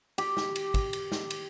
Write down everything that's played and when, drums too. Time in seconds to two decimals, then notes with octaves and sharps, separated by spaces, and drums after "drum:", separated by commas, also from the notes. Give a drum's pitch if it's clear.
0.18 G4, drum: cymbal
0.37 drum: snare
0.56 drum: cymbal
0.74 drum: kick, cymbal
0.93 drum: cymbal
1.12 drum: snare
1.30 drum: cymbal